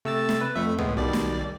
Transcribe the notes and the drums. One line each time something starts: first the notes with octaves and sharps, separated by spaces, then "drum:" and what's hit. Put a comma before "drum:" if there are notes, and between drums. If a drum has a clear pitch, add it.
C3 A3 E6 A6
drum: snare
B4
F2 A3 E5
A2 G#3 B3, drum: tom C2
B1 B2 D#3 G3 D5
drum: snare